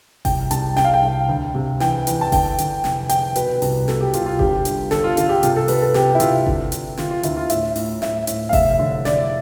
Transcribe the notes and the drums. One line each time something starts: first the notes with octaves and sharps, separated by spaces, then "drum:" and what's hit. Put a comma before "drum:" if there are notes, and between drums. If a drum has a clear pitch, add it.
C2 G5, drum: kick G1, open hi-hat
C2 A5, drum: hi-hat
C2 G5, drum: snare
F5
G5
C2
D2
C3
E3 G5, drum: snare
E3, drum: hi-hat
A5
D3 G5, drum: kick G1, open hi-hat
D3, drum: hi-hat
F1, drum: snare
D3 G5, drum: hi-hat
B2 B4, drum: hi-hat
C2, drum: open hi-hat
B2 A4, drum: snare
G4
C2 F4, drum: hi-hat
F4
G1 G4, drum: kick G1
G2, drum: hi-hat
G1 A4, drum: snare
F4
D3 F4, drum: hi-hat
G4
C3 F4, drum: hi-hat
A4
C3 B4, drum: open hi-hat
A4
C3 G4, drum: snare
E4
C3 F4, drum: hi-hat
D3, drum: kick G1
D3, drum: hi-hat
D3 F4, drum: snare
F4
D2 E4, drum: hi-hat
F4
A2 E5, drum: hi-hat
A2, drum: open hi-hat
A2 E5, drum: snare
A2, drum: hi-hat
F5
F1 E5, drum: kick G1, open hi-hat
D3
D3 D5, drum: snare